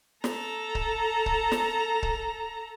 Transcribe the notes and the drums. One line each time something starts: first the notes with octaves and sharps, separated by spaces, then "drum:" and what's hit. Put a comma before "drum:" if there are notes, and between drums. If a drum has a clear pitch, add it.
A4 A#5, drum: snare
drum: kick C#1
drum: kick C#1
drum: snare
drum: kick C#1